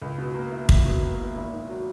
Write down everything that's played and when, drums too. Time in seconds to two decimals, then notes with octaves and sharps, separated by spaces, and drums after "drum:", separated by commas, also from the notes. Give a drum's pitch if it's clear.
0.02 C#2
0.18 B2
0.35 A#3
0.52 E4
0.69 C#2, drum: kick
0.85 B2
1.02 A#3
1.19 E4
1.36 G#1
1.53 G#2
1.69 F#3